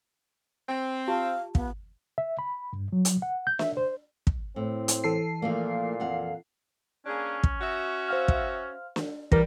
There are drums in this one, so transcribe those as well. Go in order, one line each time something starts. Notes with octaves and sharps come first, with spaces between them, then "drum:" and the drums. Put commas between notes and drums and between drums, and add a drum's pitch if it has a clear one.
C4 G5
F4 G4 F5 A5
B3 F5, drum: kick
E5
B5
G2
F#3
drum: hi-hat
F#5
G6
E5, drum: snare
C5
drum: kick
A2 C4
drum: hi-hat
E3 A4 C7
A#2 F3 A3 A#3
F2 F5 F#5
A#3 C#4 D4 G#4
drum: kick
F#4 E5
C5 F5 F6
drum: kick
drum: snare
E3 G3 A#4 A#6, drum: kick